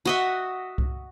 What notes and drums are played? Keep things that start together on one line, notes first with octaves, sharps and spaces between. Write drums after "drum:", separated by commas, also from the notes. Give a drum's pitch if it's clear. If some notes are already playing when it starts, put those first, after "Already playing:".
F#4 D#5 E5
drum: kick C2